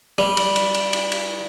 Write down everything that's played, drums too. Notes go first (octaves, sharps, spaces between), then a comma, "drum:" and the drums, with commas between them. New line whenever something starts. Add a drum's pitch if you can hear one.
G3, drum: rim click
drum: cymbal
drum: cymbal
drum: cymbal
drum: cymbal
drum: cymbal